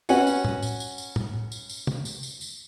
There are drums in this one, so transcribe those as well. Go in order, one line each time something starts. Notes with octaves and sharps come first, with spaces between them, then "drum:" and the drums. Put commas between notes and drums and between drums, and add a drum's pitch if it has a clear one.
C#4 F#4 B4 F#5 G#5, drum: tambourine
drum: tambourine
drum: tom
drum: tambourine
drum: tambourine
drum: tambourine
drum: tom
drum: tambourine
drum: tambourine
drum: tom
drum: tambourine
drum: tambourine
drum: tambourine